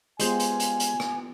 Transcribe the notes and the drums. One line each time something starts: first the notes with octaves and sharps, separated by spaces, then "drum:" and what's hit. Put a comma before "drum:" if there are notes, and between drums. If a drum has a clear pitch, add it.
G#3 B3 F4 G4 C5 G#5, drum: hi-hat
drum: hi-hat
drum: hi-hat
drum: hi-hat
drum: rim click